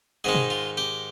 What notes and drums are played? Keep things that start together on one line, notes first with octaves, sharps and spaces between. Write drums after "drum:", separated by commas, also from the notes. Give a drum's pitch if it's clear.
G#2 D#3 G#3 D#4 G#4
drum: tom B2
F4
G4